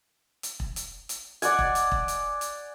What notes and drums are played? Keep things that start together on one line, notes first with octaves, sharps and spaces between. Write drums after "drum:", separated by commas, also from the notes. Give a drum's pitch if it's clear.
drum: hi-hat
drum: kick E1
drum: hi-hat
drum: hi-hat
D5 F#5 G#5, drum: hi-hat
drum: kick E1
drum: hi-hat
drum: kick E1
drum: hi-hat
drum: hi-hat